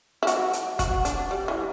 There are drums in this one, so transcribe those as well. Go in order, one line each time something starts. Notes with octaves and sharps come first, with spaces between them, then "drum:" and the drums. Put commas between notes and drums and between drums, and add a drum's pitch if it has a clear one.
E4
F#4, drum: hi-hat
drum: hi-hat
F#4, drum: kick, hi-hat
D4, drum: hi-hat
G3
E3